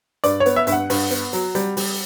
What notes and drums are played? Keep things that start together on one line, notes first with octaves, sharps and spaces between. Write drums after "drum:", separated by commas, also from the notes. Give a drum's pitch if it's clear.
G2 D5, drum: hi-hat
C#5
B3, drum: hi-hat
E5
G2 E5, drum: hi-hat
F#5
G2, drum: open hi-hat
B3, drum: hi-hat
F#3, drum: hi-hat
G3, drum: hi-hat
G3, drum: open hi-hat